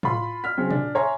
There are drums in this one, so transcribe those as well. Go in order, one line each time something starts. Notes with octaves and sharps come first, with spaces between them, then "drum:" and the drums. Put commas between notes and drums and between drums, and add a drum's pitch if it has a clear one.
F4 B5 C6, drum: tom A2
F6 B6
C#3 F#3 C4
D4, drum: tom A#2
C#5 E5 G#5 A#5 C6